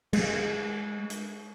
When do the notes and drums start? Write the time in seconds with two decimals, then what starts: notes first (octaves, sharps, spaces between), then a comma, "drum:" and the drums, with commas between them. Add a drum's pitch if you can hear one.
0.13 G#3, drum: cymbal
1.10 drum: hi-hat